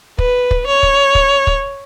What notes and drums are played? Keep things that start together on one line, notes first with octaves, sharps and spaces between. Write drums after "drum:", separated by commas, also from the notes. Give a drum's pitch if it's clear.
B4, drum: kick
drum: kick
C#5
drum: kick
drum: kick
drum: kick